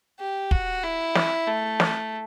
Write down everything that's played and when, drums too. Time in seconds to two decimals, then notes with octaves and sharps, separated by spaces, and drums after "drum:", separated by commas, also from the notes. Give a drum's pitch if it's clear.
0.19 G4
0.51 F#4, drum: kick
0.84 E4
1.15 drum: snare
1.47 A3
1.80 drum: snare